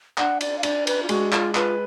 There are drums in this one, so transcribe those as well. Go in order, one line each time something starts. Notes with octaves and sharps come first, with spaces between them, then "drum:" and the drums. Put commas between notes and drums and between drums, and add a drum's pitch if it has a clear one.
D4 F#5, drum: clap
D5, drum: cymbal
F5
D4 D5, drum: cymbal
B4, drum: cymbal
F4
G#3 F#4, drum: cymbal
F4, drum: clap
F4 B4, drum: clap